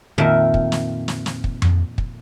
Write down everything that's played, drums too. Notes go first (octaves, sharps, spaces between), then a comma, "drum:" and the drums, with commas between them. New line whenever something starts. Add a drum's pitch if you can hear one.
F2 A#2 D#3 A#4 E5
drum: kick
drum: snare
drum: snare
drum: snare
drum: kick
drum: tom F2
drum: kick